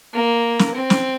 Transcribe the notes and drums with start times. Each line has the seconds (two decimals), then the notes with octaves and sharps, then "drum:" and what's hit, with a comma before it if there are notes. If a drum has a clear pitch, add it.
0.13 A#3
0.59 drum: snare
0.75 C4
0.90 drum: snare